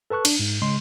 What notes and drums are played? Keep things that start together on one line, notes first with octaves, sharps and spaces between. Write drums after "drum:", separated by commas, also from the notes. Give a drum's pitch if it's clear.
A4 B4 A5 C#6 F#6
D4, drum: cymbal
G#2
C#3 G#3 C6